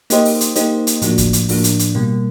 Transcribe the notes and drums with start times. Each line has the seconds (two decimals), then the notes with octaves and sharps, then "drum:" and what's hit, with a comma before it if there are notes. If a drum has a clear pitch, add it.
0.10 A#3 D#4 G4 C5 D#5, drum: hi-hat
0.25 drum: open hi-hat
0.41 drum: hi-hat
0.55 A#3 D#4 G4 C5 D#5, drum: hi-hat
0.87 drum: hi-hat
1.02 A2 F3 A#3 D4 F#4, drum: hi-hat
1.18 drum: kick, hi-hat
1.33 drum: hi-hat
1.49 A2 F3 A#3 D4 F#4, drum: open hi-hat
1.64 drum: hi-hat
1.79 drum: hi-hat
1.95 B2 G3 A#3